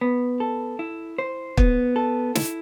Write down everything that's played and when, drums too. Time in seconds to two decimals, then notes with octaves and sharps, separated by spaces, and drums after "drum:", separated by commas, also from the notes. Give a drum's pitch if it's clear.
0.01 B3
0.40 A4
0.79 E4
1.18 C5
1.57 B3, drum: kick
1.96 A4
2.35 E4, drum: snare